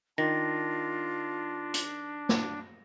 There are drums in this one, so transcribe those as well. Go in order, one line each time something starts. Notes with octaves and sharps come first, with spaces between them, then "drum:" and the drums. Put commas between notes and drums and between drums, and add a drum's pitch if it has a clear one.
D#3 D4 F4 A#6
drum: hi-hat
drum: snare